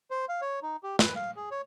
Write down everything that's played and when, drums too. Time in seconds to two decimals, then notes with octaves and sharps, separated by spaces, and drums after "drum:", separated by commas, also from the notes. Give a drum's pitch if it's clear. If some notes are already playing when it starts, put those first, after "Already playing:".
0.11 C5
0.29 F5
0.41 C#5
0.63 D#4
0.83 G4
0.99 B4, drum: snare
1.16 F5
1.36 G#4
1.51 C#5